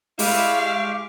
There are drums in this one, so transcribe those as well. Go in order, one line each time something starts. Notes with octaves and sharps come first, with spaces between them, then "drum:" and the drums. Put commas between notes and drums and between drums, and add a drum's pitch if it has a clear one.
G3 G#3 E4 G4 F5 C#6 D6, drum: open hi-hat